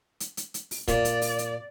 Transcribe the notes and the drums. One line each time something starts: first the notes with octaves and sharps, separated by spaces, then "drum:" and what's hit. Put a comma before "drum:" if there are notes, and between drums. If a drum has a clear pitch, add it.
drum: hi-hat
drum: hi-hat
drum: hi-hat
drum: open hi-hat
A#2 D5, drum: kick, hi-hat
drum: hi-hat
drum: open hi-hat
drum: hi-hat